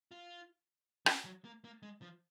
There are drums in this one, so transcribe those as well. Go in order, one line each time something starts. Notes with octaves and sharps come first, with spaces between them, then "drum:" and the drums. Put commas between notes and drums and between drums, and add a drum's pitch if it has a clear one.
F4
C#4, drum: rim click
F#3
A#3
A#3
G#3
F3